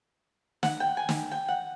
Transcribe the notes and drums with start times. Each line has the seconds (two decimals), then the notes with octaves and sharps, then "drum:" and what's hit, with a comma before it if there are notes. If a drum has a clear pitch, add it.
0.63 F#5, drum: snare
0.80 G5
0.97 G#5
1.09 drum: snare
1.31 G5
1.48 F#5